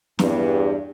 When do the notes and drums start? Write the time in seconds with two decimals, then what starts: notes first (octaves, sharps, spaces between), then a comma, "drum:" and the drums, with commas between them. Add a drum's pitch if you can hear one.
0.19 E2 G2, drum: snare